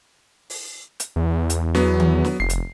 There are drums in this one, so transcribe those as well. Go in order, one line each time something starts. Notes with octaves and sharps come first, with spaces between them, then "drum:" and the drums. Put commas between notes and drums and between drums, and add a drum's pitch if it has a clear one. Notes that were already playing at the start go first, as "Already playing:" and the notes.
drum: open hi-hat
drum: hi-hat
E2
drum: hi-hat
F#3 B3, drum: snare
drum: tom D#3
drum: snare
F1 C7
drum: hi-hat